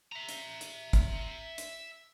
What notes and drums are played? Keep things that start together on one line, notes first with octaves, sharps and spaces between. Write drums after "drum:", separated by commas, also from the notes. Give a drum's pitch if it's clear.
E5 A#5
drum: hi-hat
drum: hi-hat
drum: kick, hi-hat
drum: hi-hat